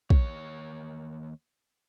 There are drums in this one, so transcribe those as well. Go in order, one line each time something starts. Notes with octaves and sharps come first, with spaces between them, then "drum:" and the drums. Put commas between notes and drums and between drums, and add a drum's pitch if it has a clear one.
D#2 C#5, drum: kick